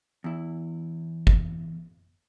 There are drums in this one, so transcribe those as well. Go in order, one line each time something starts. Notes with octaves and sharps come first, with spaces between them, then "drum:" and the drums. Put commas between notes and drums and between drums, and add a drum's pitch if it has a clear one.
E2 E4
drum: kick G1